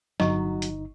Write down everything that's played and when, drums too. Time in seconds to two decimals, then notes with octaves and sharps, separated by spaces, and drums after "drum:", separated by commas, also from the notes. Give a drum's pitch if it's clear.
0.20 G1 F#3 D#4 D#5 C#6, drum: snare
0.62 drum: hi-hat